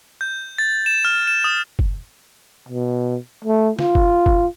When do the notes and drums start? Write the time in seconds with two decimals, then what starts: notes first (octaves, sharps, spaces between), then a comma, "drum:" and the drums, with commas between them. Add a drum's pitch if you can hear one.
0.21 G6
0.58 A6
0.86 E7
1.05 F6
1.27 E7
1.44 D#6
1.79 drum: kick F#1
2.69 B2
3.44 A3
3.79 F4, drum: snare
3.95 drum: kick F#1
4.26 drum: kick F#1